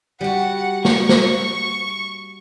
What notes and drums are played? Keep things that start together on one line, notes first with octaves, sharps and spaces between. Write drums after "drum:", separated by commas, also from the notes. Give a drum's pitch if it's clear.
G3 F#4 F#5
C#6, drum: snare
drum: snare